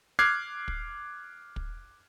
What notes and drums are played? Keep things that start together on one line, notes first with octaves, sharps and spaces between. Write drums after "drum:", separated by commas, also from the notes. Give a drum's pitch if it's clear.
D6 F6 F#6 G#6 C7
drum: kick
drum: kick